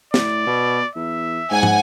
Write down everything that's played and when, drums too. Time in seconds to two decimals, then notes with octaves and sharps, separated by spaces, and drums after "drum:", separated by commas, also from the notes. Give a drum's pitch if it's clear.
0.14 A2 D5, drum: snare
0.47 B2
0.96 E2 E5
1.51 G#2 F#5 G#5
1.63 drum: tom